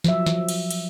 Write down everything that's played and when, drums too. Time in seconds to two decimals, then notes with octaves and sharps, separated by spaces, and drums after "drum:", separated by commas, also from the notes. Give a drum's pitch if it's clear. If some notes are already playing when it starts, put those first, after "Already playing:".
0.04 F3 F#3 E5, drum: snare
0.26 drum: snare
0.49 drum: cymbal
0.71 drum: cymbal